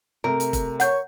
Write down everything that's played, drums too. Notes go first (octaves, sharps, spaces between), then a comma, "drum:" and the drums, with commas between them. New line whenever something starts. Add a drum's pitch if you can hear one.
C3 A3 A#4
drum: hi-hat
drum: kick F1, hi-hat
C#5 F#5 G6, drum: hi-hat